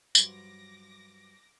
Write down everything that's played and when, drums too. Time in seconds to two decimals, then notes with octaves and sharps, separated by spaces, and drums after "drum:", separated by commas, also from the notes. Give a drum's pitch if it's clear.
0.15 G2 F3 F#3 D6 A#6, drum: tambourine